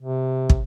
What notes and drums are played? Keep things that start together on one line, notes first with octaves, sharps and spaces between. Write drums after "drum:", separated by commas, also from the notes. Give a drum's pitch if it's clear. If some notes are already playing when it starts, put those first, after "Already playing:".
C3
drum: kick